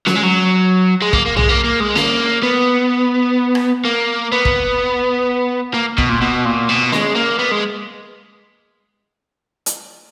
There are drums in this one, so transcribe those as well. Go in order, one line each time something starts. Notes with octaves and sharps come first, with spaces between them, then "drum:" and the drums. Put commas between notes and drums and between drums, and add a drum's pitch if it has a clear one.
F#3, drum: snare C#4
G#3
F#3
G#3
A#3, drum: kick
A#3
G#3, drum: tom
A#3
A#3
G#3
A#3, drum: snare C#4
B3
drum: rim click
A#3
B3
drum: kick
A#3
B2, drum: kick
A#2
B2
A#2
B2
G#3, drum: snare C#4
A#3
B3
G#3
drum: hi-hat